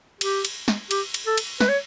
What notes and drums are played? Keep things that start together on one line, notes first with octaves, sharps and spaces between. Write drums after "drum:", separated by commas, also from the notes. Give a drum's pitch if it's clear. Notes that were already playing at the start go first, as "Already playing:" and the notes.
G4, drum: cymbal
drum: cymbal
drum: snare
G4, drum: cymbal
drum: cymbal
A4
drum: cymbal
B4, drum: snare
C#5